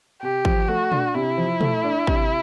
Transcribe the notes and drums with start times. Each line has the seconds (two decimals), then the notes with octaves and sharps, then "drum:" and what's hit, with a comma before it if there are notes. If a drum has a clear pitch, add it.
0.22 C3 G4
0.45 F3, drum: kick G#1
0.68 A3 F#4
0.92 D4, drum: tom
1.14 C3 E4
1.37 F3
1.61 A3, drum: tom
1.84 D4
2.07 C3, drum: kick G#1